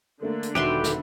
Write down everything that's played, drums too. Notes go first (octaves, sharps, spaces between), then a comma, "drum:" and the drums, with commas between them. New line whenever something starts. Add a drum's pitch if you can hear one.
D3 A3 A#3
drum: hi-hat
E1 D#3 F#4 G4 B4 E5 C6
drum: snare